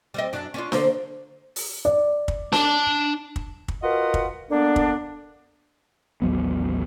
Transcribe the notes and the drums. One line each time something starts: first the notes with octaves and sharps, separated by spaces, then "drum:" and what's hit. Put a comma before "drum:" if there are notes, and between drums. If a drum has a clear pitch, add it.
G3 C4 D#5
F#2 D4
C#4 D4 F4
D3 A#3 C5, drum: snare D4
drum: open hi-hat
D5
drum: kick
D4 A5, drum: snare D4
drum: kick
drum: kick
F4 F#4 A#4 B4 D#5 F#5
drum: kick
D3 A#3 B3 D4
drum: kick
A1 D#2 F#3 B3